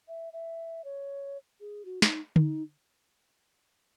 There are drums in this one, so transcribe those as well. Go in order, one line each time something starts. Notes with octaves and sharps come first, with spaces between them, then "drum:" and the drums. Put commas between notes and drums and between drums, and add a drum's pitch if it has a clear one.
E5
E5
C#5
G#4
F#4
D#4, drum: snare
D#4, drum: tom D3